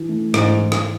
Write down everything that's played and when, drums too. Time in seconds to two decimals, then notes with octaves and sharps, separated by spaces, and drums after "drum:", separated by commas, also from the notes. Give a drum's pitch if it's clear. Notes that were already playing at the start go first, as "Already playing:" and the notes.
Already playing: E3
0.09 A3
0.34 G#2 E3, drum: rim click
0.59 E3
0.72 drum: rim click